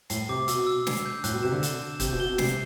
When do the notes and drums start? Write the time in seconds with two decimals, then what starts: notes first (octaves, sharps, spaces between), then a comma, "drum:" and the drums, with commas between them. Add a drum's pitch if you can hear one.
0.10 A2 C7, drum: hi-hat
0.29 C3 D6
0.48 B2 E6, drum: hi-hat
0.67 E6
0.87 C7, drum: snare
1.06 G6
1.24 A2 F#6, drum: hi-hat
1.33 B2
1.43 C3 E7
1.52 D3
1.63 E7, drum: hi-hat
1.81 E7
2.00 C3 G6, drum: kick, hi-hat
2.12 B2
2.20 G7
2.26 B2
2.38 C3 C7, drum: snare